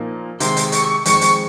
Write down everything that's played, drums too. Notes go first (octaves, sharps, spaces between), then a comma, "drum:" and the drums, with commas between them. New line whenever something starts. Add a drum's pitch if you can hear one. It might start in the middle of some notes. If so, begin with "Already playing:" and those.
Already playing: A#2 F3 A#3 D#4
C3 D#3 G#3 C6, drum: hi-hat
drum: hi-hat
C#6, drum: hi-hat
F2 D#3 G#3 C#6, drum: hi-hat
drum: hi-hat